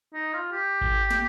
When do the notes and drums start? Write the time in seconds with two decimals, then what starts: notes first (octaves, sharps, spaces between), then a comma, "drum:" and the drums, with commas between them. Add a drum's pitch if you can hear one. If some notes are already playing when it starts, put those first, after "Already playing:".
0.14 D#4
0.34 F4
0.52 G4
0.81 drum: kick G#1
1.11 drum: snare